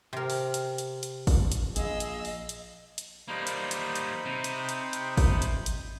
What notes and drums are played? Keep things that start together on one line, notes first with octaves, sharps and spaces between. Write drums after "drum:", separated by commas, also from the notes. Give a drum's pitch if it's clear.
C3 A#4
drum: open hi-hat
drum: hi-hat
drum: hi-hat
drum: hi-hat
drum: kick, open hi-hat
drum: hi-hat
A#1 G#4 D#5 F5 E6, drum: hi-hat
drum: hi-hat
drum: open hi-hat
drum: hi-hat
drum: hi-hat
G3 A#3 D#4 C5 B5
drum: hi-hat
drum: hi-hat
drum: hi-hat
C3
drum: hi-hat
drum: hi-hat
drum: hi-hat
drum: kick, open hi-hat
drum: hi-hat
drum: hi-hat